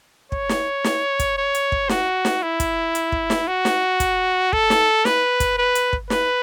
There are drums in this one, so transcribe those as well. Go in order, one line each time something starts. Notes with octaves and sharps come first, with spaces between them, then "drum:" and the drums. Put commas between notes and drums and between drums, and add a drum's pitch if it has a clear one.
C#5, drum: kick
drum: snare
drum: snare
drum: kick, hi-hat
C#5
drum: hi-hat
drum: kick
F#4, drum: snare
drum: snare
E4
drum: kick, hi-hat
drum: hi-hat
drum: kick
drum: snare
F#4
drum: snare
drum: kick, hi-hat
A4, drum: kick
drum: snare
B4, drum: snare
drum: kick, hi-hat
B4
drum: hi-hat
drum: kick
B4, drum: snare